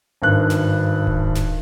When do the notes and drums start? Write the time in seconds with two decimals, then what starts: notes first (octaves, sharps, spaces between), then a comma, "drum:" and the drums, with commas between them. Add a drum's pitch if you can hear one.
0.22 G#1 G2 F#6
0.50 drum: snare
1.07 drum: kick D#1
1.35 drum: snare